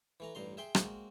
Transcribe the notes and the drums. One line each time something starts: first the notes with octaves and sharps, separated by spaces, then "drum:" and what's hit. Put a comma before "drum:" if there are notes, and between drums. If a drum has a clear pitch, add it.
E3 A3 A#5
A1 G2 A#5 C6
G#4 E5 G5 C6
G#3 A#3 C4 F#4, drum: rim click